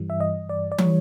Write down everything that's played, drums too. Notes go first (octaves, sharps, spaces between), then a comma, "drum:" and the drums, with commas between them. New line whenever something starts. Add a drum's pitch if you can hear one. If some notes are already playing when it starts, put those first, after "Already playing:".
Already playing: G2 E3 G3
E5
D#5
D5
D5
E3 G3 C#5, drum: tom